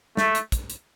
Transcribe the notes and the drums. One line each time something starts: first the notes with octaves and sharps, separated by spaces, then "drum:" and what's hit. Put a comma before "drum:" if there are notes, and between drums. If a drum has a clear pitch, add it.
A3, drum: snare
drum: hi-hat
drum: kick, hi-hat
drum: hi-hat